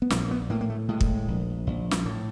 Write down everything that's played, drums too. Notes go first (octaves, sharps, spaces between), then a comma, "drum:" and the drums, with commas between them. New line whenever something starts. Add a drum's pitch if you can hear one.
B3
A#1 A#3, drum: snare
B3
A2 A#3
A#3
A3
A2 G#3
drum: kick
A#1
A#1
drum: snare
A2